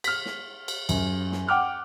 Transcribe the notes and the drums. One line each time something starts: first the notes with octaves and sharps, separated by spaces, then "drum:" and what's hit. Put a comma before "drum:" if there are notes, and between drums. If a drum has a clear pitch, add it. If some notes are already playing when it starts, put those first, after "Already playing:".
F6 B6, drum: cymbal
drum: snare
drum: cymbal
F#2, drum: cymbal
drum: snare
F#5 G5 D6 F6 F#6